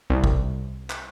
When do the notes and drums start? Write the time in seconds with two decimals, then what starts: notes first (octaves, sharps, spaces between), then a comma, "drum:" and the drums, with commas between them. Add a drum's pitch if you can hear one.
0.10 C2
0.24 drum: kick G1
0.90 drum: clap